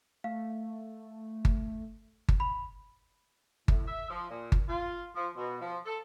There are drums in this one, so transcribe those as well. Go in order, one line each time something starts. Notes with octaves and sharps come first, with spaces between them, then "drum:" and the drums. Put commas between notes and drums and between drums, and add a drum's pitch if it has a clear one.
A3 F5
drum: kick G1
drum: kick G1
B5
A2, drum: kick G1
E5
F3
A#2
drum: kick G1
F4
F3
B2
F3
A4